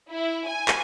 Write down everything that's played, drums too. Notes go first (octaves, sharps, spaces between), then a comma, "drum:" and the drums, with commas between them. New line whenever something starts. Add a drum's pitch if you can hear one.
E4
G#5
drum: clap